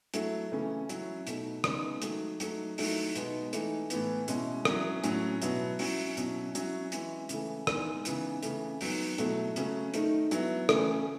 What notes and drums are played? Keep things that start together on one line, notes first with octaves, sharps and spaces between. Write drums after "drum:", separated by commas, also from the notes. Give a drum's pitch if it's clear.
F#3 A3 E4, drum: hi-hat
C#3 E3 A3 C#4
F#3 C#4 E4, drum: hi-hat
B2 A3 D#4, drum: hi-hat
C#3 G#3 B3 D#4, drum: rim click
D#3 F#3 A3, drum: hi-hat
F#3 A3 D#4, drum: hi-hat
D#3 F#3 A3 E4, drum: open hi-hat
B2 G#3 B3 D#4, drum: hi-hat
E3 A3 D#4, drum: hi-hat
A2 E3 B3, drum: hi-hat
B2 G#3 C#4 E4, drum: hi-hat
F#3 C#4 E4, drum: rim click
A2 F#3 C#4, drum: hi-hat
B2 F#3 B3 E4, drum: hi-hat
F#3 C#4 E4, drum: open hi-hat
B2 F#3 C#4 E4, drum: hi-hat
F#3 C#4 E4, drum: hi-hat
E3 G#3 C#4 E4, drum: hi-hat
C#3 E3 A3, drum: hi-hat
E3 G#3 B3 D#4, drum: rim click
C#3 E3 B3 D#4, drum: hi-hat
C#3 E3 A3, drum: hi-hat
D#3 F#3 B3, drum: open hi-hat
B2 F#3 A3 E4, drum: hi-hat
C#3 F#3 A3 C#4, drum: hi-hat
D#3 A3 D#4, drum: hi-hat
F#3 B3 E4, drum: hi-hat
C#3 E3 A3 C#4, drum: rim click